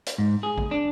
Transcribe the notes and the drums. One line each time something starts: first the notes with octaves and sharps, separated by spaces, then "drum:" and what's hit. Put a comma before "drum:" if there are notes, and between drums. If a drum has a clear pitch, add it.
drum: hi-hat
G#2
G#4
drum: kick A1
D4